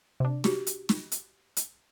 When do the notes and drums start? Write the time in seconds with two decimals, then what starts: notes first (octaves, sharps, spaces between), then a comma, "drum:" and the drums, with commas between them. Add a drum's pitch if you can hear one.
0.20 C3 D4
0.44 F#4 G4, drum: snare
0.67 drum: hi-hat
0.89 drum: snare
1.12 drum: hi-hat
1.57 drum: hi-hat